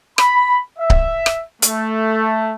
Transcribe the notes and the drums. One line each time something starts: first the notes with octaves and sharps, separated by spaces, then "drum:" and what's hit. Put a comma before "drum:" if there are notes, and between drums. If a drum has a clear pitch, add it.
B5, drum: rim click
E5
drum: kick C#1
drum: rim click
A3, drum: hi-hat